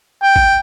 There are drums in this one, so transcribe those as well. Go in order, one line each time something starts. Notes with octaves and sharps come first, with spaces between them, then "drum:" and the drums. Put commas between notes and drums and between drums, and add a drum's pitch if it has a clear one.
G5
drum: kick G#1